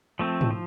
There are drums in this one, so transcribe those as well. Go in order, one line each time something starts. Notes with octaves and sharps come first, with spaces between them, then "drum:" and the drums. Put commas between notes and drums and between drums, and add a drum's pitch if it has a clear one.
F3 A3 C4
drum: tom G#2
F3